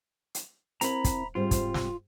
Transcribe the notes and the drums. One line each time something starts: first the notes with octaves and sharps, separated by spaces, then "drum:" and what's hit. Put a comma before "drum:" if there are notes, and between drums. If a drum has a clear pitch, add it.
drum: hi-hat
C4 E4 A#4 A#5 B5, drum: hi-hat
drum: kick, hi-hat
G#2 G3 C4 F4
drum: kick, hi-hat
drum: snare